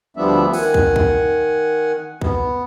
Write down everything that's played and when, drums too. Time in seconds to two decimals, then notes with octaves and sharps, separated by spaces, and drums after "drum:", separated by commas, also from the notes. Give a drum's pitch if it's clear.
0.17 D2 F3 G3 B3 D4 E5
0.53 D#3 F#5 G#5, drum: open hi-hat
0.74 drum: kick
0.96 drum: kick
2.21 B3, drum: kick